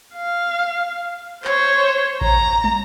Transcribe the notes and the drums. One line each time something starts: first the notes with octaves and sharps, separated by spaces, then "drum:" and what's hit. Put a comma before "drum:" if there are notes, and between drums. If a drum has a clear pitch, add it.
F5
C5 C#5, drum: clap
A#5, drum: kick A1
drum: tom